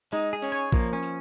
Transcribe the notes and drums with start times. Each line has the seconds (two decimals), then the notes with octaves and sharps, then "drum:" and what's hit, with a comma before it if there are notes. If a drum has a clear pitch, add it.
0.12 G#3 D#4, drum: tambourine
0.33 G#4
0.42 C#4, drum: tambourine
0.52 C#5
0.72 F3 A#3, drum: kick A#1, tambourine
0.93 C#4
1.03 drum: tambourine